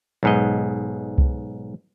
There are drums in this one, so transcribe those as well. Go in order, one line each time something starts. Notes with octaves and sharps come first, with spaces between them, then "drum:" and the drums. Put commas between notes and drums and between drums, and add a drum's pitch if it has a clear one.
B1 G#2 D#5
drum: kick C2